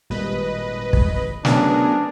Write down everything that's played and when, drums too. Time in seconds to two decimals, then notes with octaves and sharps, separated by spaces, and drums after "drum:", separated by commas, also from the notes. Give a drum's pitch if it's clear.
0.10 G#1 A#2 G3 A#3 B4 D#5
0.93 drum: kick
1.45 F#3 A3 B3 C#4 D4 G#4 A#4, drum: snare